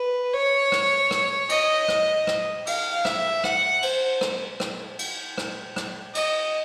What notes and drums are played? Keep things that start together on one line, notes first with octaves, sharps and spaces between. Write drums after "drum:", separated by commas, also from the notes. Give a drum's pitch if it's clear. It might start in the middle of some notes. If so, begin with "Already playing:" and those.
Already playing: B4
C#5
drum: rim click
drum: rim click
D#5, drum: cymbal
drum: rim click
drum: rim click
F5, drum: cymbal
E5, drum: rim click
F#5, drum: rim click
C5, drum: cymbal
drum: rim click
drum: rim click
drum: cymbal
drum: rim click
drum: rim click
D#5, drum: cymbal